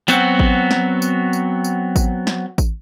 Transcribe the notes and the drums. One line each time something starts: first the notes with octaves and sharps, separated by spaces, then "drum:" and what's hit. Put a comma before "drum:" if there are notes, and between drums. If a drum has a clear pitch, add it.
F#3 B3 C4 F#4, drum: tambourine
drum: kick A1
drum: snare
drum: tambourine
drum: tambourine
drum: tambourine
drum: kick A1, tambourine
drum: snare
drum: kick A1, tambourine